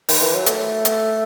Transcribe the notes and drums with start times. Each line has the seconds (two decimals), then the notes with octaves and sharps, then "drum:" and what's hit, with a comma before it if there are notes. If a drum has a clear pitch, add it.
0.09 D#3, drum: open hi-hat
0.21 E3
0.34 F#3
0.46 A3, drum: hi-hat
0.85 drum: hi-hat